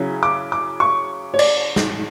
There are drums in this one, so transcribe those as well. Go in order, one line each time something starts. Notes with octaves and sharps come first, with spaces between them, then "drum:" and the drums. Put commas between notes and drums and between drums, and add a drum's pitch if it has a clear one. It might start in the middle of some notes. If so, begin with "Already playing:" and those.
Already playing: C#3 F#3 C#4 E4
D6
D6
C#6
C#5
D5, drum: cymbal
drum: snare